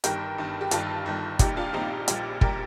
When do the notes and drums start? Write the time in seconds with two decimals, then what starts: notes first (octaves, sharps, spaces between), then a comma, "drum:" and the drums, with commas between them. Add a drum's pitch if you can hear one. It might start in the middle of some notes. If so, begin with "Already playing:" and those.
0.04 G1 G2 D#3 G4 A#4, drum: hi-hat
0.38 G1 G2 D#3
0.61 G4
0.71 G1 G2 D#3 F4 A4, drum: hi-hat
1.06 G1 G2 D#3
1.39 A#1 A#2 G3 D#4 G4, drum: kick, hi-hat
1.57 D4 F4
1.73 A#1 A#2 G3 C4 D#4
2.08 A#1 A#2 G3, drum: hi-hat
2.41 A#2 G3 G4 A#4, drum: kick